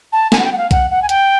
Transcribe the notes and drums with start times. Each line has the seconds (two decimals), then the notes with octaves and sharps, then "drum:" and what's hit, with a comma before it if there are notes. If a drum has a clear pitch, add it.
0.13 A5
0.32 G#5, drum: snare
0.38 F#5
0.45 G5
0.52 F#5
0.58 F5
0.71 F#5, drum: kick B1, hi-hat
0.91 F#5
1.02 G#5
1.09 G5, drum: hi-hat